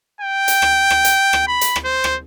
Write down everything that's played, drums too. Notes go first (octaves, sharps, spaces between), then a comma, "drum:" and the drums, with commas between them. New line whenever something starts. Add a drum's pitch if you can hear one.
G5
drum: hi-hat
drum: rim click
drum: rim click
drum: hi-hat
drum: rim click
B5
drum: hi-hat
drum: rim click
C5
drum: rim click